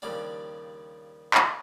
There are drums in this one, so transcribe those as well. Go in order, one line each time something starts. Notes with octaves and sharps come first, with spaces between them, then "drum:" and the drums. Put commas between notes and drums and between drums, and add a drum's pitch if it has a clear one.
D#2 C#3 F3 G3 D4
drum: clap